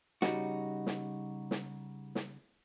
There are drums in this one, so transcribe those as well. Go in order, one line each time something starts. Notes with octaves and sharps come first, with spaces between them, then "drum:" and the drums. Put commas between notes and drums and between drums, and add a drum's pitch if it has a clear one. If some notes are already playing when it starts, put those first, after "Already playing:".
C#3 G3 D#4 F#4, drum: snare
drum: snare
drum: snare
drum: snare